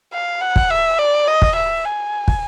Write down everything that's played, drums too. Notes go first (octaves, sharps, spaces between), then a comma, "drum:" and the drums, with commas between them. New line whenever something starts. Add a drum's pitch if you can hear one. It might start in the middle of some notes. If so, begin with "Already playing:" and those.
F5
F#5
drum: kick
E5
D5
D#5
drum: kick
E5
G#5
drum: kick